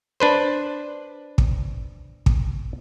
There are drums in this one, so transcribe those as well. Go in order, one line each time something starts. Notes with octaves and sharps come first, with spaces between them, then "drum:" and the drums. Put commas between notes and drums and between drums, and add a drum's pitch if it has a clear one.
D4 B4 C5
drum: kick
drum: kick